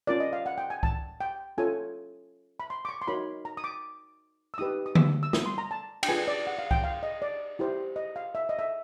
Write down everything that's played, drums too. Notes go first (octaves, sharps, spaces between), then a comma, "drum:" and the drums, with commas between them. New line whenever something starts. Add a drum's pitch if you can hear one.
C#4 F4 A#4 D5
D#5
F5
F#5
G5
G#5
A5, drum: kick C2
G5
C#4 F4 A4 C#5 G#5
B5
C6
D6
C#6
C6
D#4 F#4 A#4 C#5 B5
A#5
D#6
D6
E6
D#4 G4 B4 D#6
D#6
E6, drum: tom D3
E6
D#6, drum: snare
C6
A#5
A5
G5, drum: cymbal
D4 F4 G#4 B4 G#5
D5
F#5
F5
G5, drum: kick C2
F5
D#5
D5
E4 G4 C5
D#5
F5
E5
D#5
E5